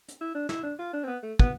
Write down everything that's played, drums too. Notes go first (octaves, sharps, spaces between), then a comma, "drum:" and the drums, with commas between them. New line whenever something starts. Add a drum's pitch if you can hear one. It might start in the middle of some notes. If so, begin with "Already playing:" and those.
drum: hi-hat
E4
D4
E4, drum: snare
D4
F4
D4
C4
B3
A3
B3, drum: kick